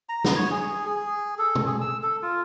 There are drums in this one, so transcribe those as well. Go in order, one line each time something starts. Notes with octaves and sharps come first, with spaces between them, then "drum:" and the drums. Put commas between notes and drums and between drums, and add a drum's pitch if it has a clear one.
A#5
B3, drum: snare
C#5
G#4
G#4
A4
drum: tom B2
G#4
E6
A4
F4